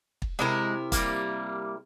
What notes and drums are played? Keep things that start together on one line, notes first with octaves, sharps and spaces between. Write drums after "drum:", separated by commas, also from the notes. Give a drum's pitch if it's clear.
drum: kick
C3 G#3 E4 A#4
G3 A#3, drum: kick, hi-hat